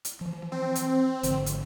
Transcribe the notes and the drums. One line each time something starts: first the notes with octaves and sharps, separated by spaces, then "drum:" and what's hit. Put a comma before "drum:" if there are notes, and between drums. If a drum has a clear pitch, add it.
drum: hi-hat
E3 F3
C4
drum: hi-hat
G#1 D3 F3, drum: hi-hat
drum: hi-hat